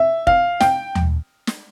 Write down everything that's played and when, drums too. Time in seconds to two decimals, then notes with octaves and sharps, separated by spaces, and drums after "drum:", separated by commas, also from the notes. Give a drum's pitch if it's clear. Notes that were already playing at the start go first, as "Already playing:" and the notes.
Already playing: E5
0.27 F5, drum: kick
0.60 G5, drum: snare
0.95 drum: tom D#2
1.47 drum: snare